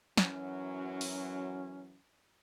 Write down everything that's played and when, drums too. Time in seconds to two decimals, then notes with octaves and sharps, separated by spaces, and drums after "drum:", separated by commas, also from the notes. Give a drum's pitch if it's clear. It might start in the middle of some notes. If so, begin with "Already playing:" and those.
0.17 F#2 E3 F#3 C#4, drum: snare
1.01 drum: open hi-hat